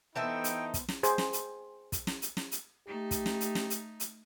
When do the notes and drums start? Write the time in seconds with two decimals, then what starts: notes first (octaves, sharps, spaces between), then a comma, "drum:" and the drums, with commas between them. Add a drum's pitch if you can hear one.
0.16 E3 B3 D#4 A4 C5 E5 G5
0.44 drum: hi-hat
0.74 drum: kick, hi-hat
0.88 drum: snare
1.03 G#4 C5, drum: hi-hat
1.18 drum: snare
1.33 drum: hi-hat
1.92 drum: kick, hi-hat
2.07 drum: snare
2.22 drum: hi-hat
2.37 drum: snare
2.52 drum: hi-hat
2.87 A3 D#4 G4
3.11 drum: kick, hi-hat
3.26 drum: snare
3.40 drum: hi-hat
3.55 drum: snare
3.70 drum: hi-hat
4.00 drum: hi-hat